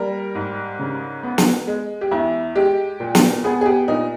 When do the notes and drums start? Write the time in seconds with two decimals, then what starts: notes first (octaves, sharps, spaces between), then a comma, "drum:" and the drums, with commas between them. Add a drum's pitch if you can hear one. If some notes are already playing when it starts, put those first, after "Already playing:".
Already playing: G3 A#3 A#4
0.35 G#2
0.79 C#3
1.23 B3
1.38 drum: snare
1.67 G#3
2.01 G4
2.11 E2 E4
2.55 G#3 G4
3.00 A#2
3.15 drum: snare
3.44 B3 G#4
3.61 G#4
3.66 G4
3.88 A#2 D#4